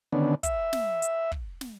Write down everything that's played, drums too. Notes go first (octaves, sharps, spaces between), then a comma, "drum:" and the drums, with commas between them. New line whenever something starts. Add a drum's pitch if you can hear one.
D3 D#3 B3 C#4 D4
E5, drum: kick, hi-hat
drum: snare
drum: hi-hat
drum: kick
drum: snare